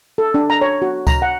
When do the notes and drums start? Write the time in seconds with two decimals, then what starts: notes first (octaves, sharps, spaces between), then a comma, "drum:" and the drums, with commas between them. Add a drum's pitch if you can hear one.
0.18 A4
0.34 D4
0.50 A#5
0.61 C#5
0.82 F#4
1.07 A#5, drum: kick C#2, tambourine
1.22 F#5